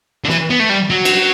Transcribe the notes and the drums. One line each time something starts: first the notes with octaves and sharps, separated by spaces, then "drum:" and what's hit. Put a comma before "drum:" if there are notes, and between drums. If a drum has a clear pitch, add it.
D3
E3, drum: snare
B3
A3
G3
F#3
drum: cymbal